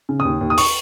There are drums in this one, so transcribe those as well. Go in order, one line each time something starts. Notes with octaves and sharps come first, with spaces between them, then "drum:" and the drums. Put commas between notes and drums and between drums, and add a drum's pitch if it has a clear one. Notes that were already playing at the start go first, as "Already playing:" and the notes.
C#3
D#6
D#2
D#2
D#6
C#6, drum: open hi-hat